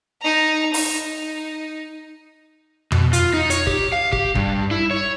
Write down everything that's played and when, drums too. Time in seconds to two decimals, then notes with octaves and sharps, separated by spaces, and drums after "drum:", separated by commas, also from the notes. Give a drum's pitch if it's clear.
0.22 D#4 A#5
0.74 D#4, drum: open hi-hat
2.92 B2, drum: tom F2
3.13 F4, drum: hi-hat
3.34 D#4
3.50 C#5, drum: hi-hat
3.67 G4, drum: kick
3.92 F5
4.13 G4, drum: kick
4.35 G2, drum: kick
4.71 E4
4.91 C#5